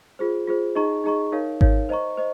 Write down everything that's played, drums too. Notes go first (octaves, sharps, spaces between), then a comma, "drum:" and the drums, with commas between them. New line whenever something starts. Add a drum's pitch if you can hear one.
F4 G#4 C5
F4 G#4 C5
D#4 G#4 D#5 A#5 C#6
D#4 G#4 D#5 A#5 C#6
D#4 A#4 C#5 F5
D#4 A#4 C#5 F5, drum: kick G#1
C5 D#5 A#5 C#6
C5 D#5